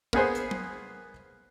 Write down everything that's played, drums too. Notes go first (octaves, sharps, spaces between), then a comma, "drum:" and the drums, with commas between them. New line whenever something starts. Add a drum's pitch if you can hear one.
A#3 B3 G#4 C5, drum: kick
drum: hi-hat
drum: tom F#3